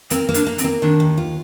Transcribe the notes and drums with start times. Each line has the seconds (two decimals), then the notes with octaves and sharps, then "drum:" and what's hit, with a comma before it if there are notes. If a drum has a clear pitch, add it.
0.10 A#3 C4, drum: hi-hat
0.29 A#3
0.34 D4, drum: hi-hat
0.47 A#3
0.58 C4, drum: hi-hat
0.64 A#3
0.82 D#3 D4
1.00 D#2
1.17 F4